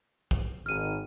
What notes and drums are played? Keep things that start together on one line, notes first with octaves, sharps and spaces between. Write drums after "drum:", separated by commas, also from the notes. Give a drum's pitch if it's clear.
drum: kick
G#1 D#3 F6 D#7